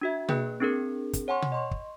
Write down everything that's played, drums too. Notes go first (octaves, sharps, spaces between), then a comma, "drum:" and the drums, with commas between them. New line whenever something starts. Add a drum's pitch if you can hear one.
D4 F#4 E5
A#3 G#4 B4 G5 F#6, drum: tom B2
C4 D4 G#4 A#4
drum: kick, hi-hat
C#5 F#5 G#5 C6 C#6
drum: tom B2
D#5 C6 C#6
drum: kick